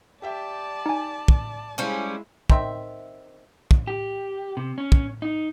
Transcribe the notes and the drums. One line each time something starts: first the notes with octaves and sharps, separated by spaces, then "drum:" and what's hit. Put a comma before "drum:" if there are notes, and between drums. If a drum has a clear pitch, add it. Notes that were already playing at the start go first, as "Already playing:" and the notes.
G4 D5 E5 G5 A5
D#4 G#5
drum: kick
G3 G#3 C#4 E4 C5 F5 A5
D#3 C4 E5, drum: kick
drum: kick
G4
C3
C#4
drum: kick
D#4